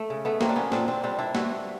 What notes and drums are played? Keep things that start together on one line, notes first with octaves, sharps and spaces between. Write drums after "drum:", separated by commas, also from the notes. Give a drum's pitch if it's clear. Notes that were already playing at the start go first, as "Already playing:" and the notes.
Already playing: A3
C#3
A3 B3
F#3 A#3 C4, drum: snare
D4
B3 C#4
A#2 C4 D4, drum: snare
C4 D4
G3 C4 D4
D4 E4
G2 E4 F#4, drum: snare